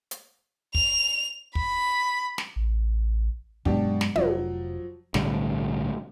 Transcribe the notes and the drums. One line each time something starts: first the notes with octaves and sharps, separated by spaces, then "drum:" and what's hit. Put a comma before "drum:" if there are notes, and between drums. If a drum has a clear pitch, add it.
drum: hi-hat
F7, drum: kick
B5, drum: kick
drum: snare
A1
G2 B2 F#3 G#3 D4 G4, drum: kick
drum: snare
F1 F3 F#3, drum: tom
B1 A2 D3 G3, drum: snare